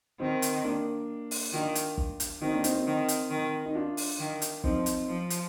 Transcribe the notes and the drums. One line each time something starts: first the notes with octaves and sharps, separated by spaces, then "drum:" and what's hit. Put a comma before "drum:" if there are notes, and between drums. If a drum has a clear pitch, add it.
D#3 C4 D#4
drum: hi-hat
A#3 D4
drum: open hi-hat
D#3 D4 F4
drum: hi-hat
drum: kick
drum: hi-hat
D#3 C4 D#4
A#3 D4
C4 D#4, drum: hi-hat
C4 D#4
D#3
drum: hi-hat
D#3
D#4
D4 F4
drum: open hi-hat
D#3
drum: hi-hat
F3 C4 D#4, drum: kick
drum: hi-hat
F3
drum: hi-hat